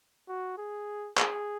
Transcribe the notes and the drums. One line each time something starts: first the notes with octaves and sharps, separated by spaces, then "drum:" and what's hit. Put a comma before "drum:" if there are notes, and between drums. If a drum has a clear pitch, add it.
F#4
G#4
G#4, drum: clap